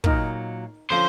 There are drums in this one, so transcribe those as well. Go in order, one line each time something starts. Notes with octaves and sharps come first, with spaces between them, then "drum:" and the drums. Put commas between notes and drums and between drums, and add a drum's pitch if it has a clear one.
A#2 F#3 D#4 A#4, drum: kick
D3 F3 C#4 C5 C6